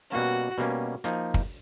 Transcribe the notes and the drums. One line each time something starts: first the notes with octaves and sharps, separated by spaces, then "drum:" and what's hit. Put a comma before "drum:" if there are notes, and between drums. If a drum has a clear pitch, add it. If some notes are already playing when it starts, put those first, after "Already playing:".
B2 G3 A#3 C#4 F#4
B2 G3 A#3 C#4
F3 A#3 D#4, drum: hi-hat
drum: kick